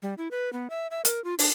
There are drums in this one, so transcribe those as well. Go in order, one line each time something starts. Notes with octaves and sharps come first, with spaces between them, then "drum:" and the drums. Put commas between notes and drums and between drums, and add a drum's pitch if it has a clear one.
G3
E4
B4
B3
E5
E5
A#4, drum: hi-hat
F4
D4, drum: open hi-hat